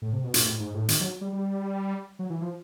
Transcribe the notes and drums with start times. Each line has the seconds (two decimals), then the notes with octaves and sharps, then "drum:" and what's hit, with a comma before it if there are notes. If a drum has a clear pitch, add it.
0.02 A2
0.13 C3
0.24 B2
0.34 A#2, drum: hi-hat
0.45 A2
0.60 G#2
0.74 A2
0.89 D#3, drum: hi-hat
1.00 F#3
1.21 G3
1.33 G3
2.19 F#3
2.30 E3
2.41 F3